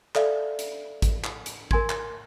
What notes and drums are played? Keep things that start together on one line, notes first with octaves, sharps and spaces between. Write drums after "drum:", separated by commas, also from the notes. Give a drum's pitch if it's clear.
A4 D5 E5 F5, drum: clap
drum: hi-hat
drum: kick, hi-hat
drum: clap
drum: hi-hat
A#4 G#5 C6 G#6, drum: kick
drum: clap